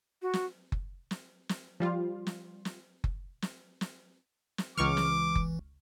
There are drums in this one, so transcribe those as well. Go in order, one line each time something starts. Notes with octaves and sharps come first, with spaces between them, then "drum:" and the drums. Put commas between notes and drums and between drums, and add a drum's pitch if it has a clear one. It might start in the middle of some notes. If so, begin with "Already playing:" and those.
F#4
drum: snare
drum: kick F#1
drum: snare
drum: snare
F3 G3 F4
drum: snare
drum: snare
drum: kick F#1
drum: snare
drum: snare
drum: snare
C#2 E3 C#6 D6 F6
drum: snare
drum: kick F#1